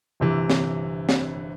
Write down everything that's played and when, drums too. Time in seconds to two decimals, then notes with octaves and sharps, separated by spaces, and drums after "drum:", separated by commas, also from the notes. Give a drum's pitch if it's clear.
0.20 G1 C3 E3
0.50 drum: snare C4
1.09 drum: snare C4